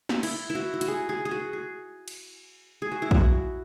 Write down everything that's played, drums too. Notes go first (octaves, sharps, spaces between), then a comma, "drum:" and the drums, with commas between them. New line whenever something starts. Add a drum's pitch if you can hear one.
drum: snare
E4, drum: cymbal
E4
F#4
E4
F#4, drum: hi-hat
G#4
G#4
G#4
F#4
G#4
drum: cymbal
G#4
F#4
E4
F#4, drum: kick